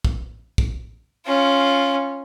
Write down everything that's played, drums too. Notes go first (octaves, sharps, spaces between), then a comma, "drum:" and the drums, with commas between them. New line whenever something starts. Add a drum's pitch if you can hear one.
drum: kick
drum: kick
C#4 F4